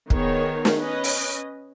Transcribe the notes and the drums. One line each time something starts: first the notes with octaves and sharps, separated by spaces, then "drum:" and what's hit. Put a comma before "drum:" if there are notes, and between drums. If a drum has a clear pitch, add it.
D#3 B3 G#4 C#5, drum: kick
drum: snare
C#4 B4 D#5
drum: open hi-hat